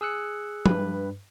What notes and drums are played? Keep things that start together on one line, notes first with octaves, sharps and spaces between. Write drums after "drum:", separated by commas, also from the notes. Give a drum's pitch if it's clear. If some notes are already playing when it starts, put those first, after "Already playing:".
G#4 E6 F#6 C#7
G2 B4, drum: tom